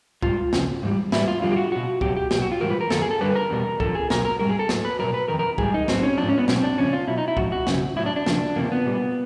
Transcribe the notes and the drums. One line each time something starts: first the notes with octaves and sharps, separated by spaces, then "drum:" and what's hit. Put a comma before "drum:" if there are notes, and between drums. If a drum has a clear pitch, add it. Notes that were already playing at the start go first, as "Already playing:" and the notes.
G#2 D#3 G3 F4, drum: kick
F2 C#3 F3, drum: snare
G#2 E3 G3
A2 E3 G3 E4, drum: snare
F4
F2 D3 G3 F4
G4
F#4
B2 F#3 F#4
B2 F#3 G4, drum: kick
G4
B2 F#3 G4, drum: snare
F#4
F4
G#2 E3 G3 A#4
B4
A#4
F#2 D#3 A4, drum: snare
G#4
A4
G2 D3 G3 B4
A#4
E2 B2 G3
F2 D3 F3 A4, drum: kick
G#4
B2 F#3 A#4, drum: snare
A#4
G#2 D#3 G3 A#4
G#4
A4
A2 F#3, drum: snare
B4
B2 F#3 A#4
B4
F2 C3 D#3 A#4
A#4
G#2 E3 G3 G#4, drum: kick
D#4
A2 F#3 C4, drum: snare
C#4
G#2 F3 D4
C#4
B3
B2 F#3 C4, drum: snare
D4
F2 C#3 F3 C#4
F4
B2 F#3 E4
D#4
E4
G#2 F3 F#4, drum: kick
F#4
F#2 C#3 F3, drum: snare
A2 F#3 E4
D4
D4
F2 C#3 F3, drum: snare
E2 C3 F3 A#3
B3
A#2 G3